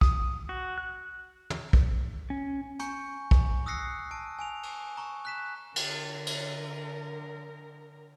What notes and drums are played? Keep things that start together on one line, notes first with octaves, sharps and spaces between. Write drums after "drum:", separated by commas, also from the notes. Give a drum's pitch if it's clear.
D#6, drum: kick
F#4
F#6
drum: tom
drum: kick
C#4
G#5 A#5 C#6 G6 C#7, drum: hi-hat
drum: kick
D#6 E6 F#6 A#6 C7 C#7
A5 D7
G#5 D7 F7
drum: cymbal
A#5 C#6
F#6 B6 E7
D3 A#4, drum: cymbal
drum: cymbal